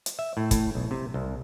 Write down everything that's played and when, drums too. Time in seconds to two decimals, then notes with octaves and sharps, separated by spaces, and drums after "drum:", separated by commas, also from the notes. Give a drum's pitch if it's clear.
0.06 drum: hi-hat
0.19 E5
0.37 A2
0.51 A2, drum: kick, hi-hat
0.75 B1
0.91 C3
1.14 C2